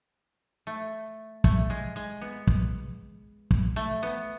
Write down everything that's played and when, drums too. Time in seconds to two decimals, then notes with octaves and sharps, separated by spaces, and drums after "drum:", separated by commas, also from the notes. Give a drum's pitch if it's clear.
0.67 A3
1.44 A3, drum: kick
1.70 G#3
1.96 G#3
2.22 B3
2.47 drum: kick
3.51 drum: kick
3.76 A3
4.03 B3